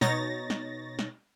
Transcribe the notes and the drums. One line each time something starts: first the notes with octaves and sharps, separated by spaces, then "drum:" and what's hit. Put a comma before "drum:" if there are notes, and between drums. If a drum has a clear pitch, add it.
B2 D#4 C#5 A6 A#6, drum: snare
drum: snare
drum: snare